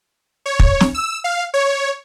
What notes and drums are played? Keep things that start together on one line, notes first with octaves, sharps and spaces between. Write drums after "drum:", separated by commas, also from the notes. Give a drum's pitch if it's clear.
C#5
drum: kick
drum: snare
E6
F5
C#5